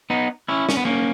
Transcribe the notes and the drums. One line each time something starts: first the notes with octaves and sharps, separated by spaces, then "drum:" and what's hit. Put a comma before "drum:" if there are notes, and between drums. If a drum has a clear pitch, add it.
B3 D#4
C#4 E4
C#4, drum: snare
B3
A#3 C#4